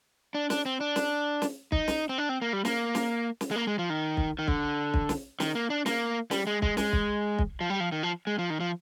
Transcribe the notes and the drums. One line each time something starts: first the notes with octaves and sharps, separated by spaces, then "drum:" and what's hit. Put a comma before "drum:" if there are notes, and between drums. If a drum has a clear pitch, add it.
D4
D4, drum: snare
C4
D4
drum: snare
drum: snare
D#4, drum: kick
drum: snare
C4
D4
C4
A#3
G3
A#3, drum: snare
drum: snare
drum: snare
G#3
A#3
G#3
F3
D#3
drum: kick
D#3
D3, drum: kick
drum: kick
drum: snare
D#3, drum: snare
A#3
D4
A#3, drum: snare
G3, drum: snare
G#3
G#3, drum: kick
G#3, drum: snare
drum: kick
drum: kick
F3
G3
F3
D#3
F3
G#3
F3
D#3
F3